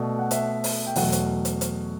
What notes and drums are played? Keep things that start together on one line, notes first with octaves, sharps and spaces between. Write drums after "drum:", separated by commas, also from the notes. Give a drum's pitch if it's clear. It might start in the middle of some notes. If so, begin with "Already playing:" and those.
Already playing: B2 A3 D5
F#5
E5, drum: hi-hat
drum: open hi-hat
G5
E2 B2 F#3 A3 F#5, drum: open hi-hat
drum: hi-hat
drum: hi-hat
drum: hi-hat